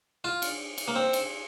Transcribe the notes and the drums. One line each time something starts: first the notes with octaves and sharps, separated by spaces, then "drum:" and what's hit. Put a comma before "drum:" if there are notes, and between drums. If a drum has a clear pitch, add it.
F4
drum: cymbal
drum: cymbal
A#3
C4
drum: cymbal